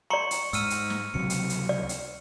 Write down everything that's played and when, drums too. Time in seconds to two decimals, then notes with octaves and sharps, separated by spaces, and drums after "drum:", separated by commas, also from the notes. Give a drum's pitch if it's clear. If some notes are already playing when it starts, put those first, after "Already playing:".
0.10 D5 A#5 C6 C#6 C#7
0.31 drum: hi-hat
0.53 G#2 E6 F6 D#7, drum: hi-hat
0.70 drum: hi-hat
0.90 drum: snare
1.14 C#2 C3 F#3 C#7
1.30 drum: hi-hat
1.49 drum: hi-hat
1.69 D5
1.89 drum: hi-hat